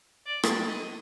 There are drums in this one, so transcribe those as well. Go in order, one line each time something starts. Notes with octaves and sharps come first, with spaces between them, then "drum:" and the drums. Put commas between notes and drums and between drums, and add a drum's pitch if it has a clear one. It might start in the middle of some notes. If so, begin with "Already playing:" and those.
D5
drum: rim click
D#5